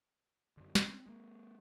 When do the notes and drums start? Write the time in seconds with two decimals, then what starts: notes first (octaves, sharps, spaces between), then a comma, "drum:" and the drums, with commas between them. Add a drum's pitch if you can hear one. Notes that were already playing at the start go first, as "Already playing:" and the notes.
0.57 F#2 D3
0.75 C4 C#4, drum: snare
1.06 G#3 A#3